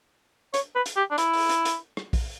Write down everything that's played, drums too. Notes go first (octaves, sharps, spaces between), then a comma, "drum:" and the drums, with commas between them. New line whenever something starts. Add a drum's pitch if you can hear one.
C#5, drum: hi-hat
B4
drum: hi-hat
G4
D4
E4, drum: hi-hat
drum: open hi-hat
drum: hi-hat
drum: hi-hat
drum: rim click
drum: kick A#1, open hi-hat